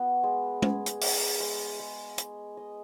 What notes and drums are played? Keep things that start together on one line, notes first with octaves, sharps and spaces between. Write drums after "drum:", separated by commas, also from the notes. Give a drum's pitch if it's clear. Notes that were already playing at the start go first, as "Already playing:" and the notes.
Already playing: B3 F#4
G#3
G#4, drum: tom
drum: hi-hat
G#3, drum: open hi-hat
G#3
G#3
D#5, drum: hi-hat
D#5